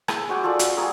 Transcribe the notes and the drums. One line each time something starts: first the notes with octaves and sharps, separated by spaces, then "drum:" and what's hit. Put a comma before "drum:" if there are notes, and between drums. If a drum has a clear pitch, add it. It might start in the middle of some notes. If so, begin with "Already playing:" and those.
E4 G#4, drum: rim click
G#3 F#4 G5 D6
F4 G#4 A4 D5
F#4, drum: hi-hat
G3 A#3 G#4 A#4